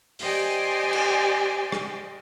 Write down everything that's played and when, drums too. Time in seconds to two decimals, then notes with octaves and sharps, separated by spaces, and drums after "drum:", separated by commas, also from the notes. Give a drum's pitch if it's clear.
0.19 G4 C5 D5 D#5 G5 G#5, drum: open hi-hat
0.93 drum: cymbal
1.72 drum: rim click